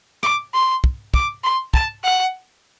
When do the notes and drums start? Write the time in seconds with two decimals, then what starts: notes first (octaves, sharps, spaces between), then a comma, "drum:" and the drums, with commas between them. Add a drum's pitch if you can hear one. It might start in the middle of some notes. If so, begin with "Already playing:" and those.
0.23 D6, drum: rim click
0.54 C6
0.84 drum: kick
1.14 D6, drum: kick
1.44 C6
1.74 A5, drum: kick
2.04 F#5